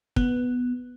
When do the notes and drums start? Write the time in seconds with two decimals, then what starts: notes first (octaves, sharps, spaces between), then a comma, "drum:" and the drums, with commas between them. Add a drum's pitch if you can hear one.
0.16 B3, drum: kick